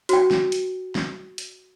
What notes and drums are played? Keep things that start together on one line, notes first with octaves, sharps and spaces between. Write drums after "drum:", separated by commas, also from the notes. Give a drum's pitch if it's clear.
F#4 G5, drum: hi-hat
drum: snare
drum: hi-hat
drum: snare
drum: hi-hat